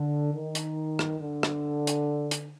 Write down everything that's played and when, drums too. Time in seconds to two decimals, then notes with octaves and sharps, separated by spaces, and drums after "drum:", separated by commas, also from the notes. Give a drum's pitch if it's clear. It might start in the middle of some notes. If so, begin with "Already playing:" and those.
Already playing: D3
0.33 D#3
0.55 drum: hi-hat
0.99 drum: rim click
1.21 D3
1.43 drum: rim click
1.87 drum: hi-hat
2.31 drum: hi-hat